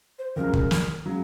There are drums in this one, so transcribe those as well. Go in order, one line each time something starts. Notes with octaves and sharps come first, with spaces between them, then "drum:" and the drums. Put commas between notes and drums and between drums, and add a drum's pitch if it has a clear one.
C5
C#2 C#3 F#3 A#4
drum: kick
drum: snare
C#3 F#3